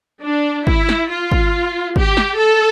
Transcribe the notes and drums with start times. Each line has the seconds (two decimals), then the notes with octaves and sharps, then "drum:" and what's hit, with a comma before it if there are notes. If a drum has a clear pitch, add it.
0.25 D4
0.67 E4, drum: kick
0.89 drum: snare
1.10 F4
1.32 drum: kick
1.96 G4, drum: kick
2.17 drum: snare
2.38 A4